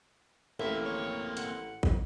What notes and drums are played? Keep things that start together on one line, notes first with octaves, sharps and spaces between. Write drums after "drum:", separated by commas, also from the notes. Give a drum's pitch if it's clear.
A1 A#3 C4 E5
C#5
F#5, drum: hi-hat
drum: kick